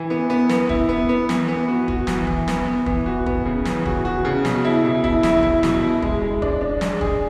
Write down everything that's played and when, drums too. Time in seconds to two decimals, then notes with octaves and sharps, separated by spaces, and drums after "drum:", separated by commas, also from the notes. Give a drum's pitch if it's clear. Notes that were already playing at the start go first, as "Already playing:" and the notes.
Already playing: E3 E4
0.10 B3
0.30 B3
0.49 B3, drum: snare
0.69 E4, drum: kick
0.89 B3
1.09 B3
1.29 E3, drum: snare
1.48 B3
1.68 F#4
1.88 F#4, drum: kick
2.07 E3, drum: snare
2.27 E3, drum: kick
2.48 B3, drum: snare
2.66 B3
2.86 E3, drum: kick
3.06 F#4
3.26 B3, drum: kick
3.45 C#3
3.65 E3, drum: snare
3.85 F#4, drum: kick
4.05 F#4
4.25 C#3
4.45 B2, drum: snare
4.65 E4
4.84 B2
5.04 E4, drum: kick
5.23 E4, drum: snare
5.43 E4, drum: kick
5.63 B2, drum: snare
5.82 E4
6.02 G#3, drum: kick
6.22 G#3
6.42 D4, drum: kick
6.61 D4
6.81 G#3, drum: snare
7.01 G#4, drum: kick